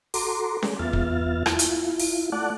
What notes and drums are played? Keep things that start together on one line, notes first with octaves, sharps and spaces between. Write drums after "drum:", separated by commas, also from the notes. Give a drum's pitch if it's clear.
F#4 A4 A#5 C6 D6, drum: open hi-hat
G#4, drum: snare C#4
E2 B3 F4 E5 F6 A6
drum: kick
E4 F4, drum: rim click
drum: hi-hat
drum: open hi-hat
A3 D5 F#5 A5 D6 F#6